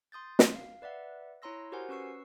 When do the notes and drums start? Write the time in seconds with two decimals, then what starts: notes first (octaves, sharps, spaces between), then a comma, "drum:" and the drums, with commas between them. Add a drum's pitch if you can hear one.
0.12 C6 D#6 G6 A6
0.39 drum: snare
0.55 F5
0.82 B4 D5 E5 F#5
1.42 E4 C#5 A#5 C6 E6 A#6
1.72 F#4 G4 A#4 C5 F#5 G#5
1.89 C#4 B4 C#6 E6 C7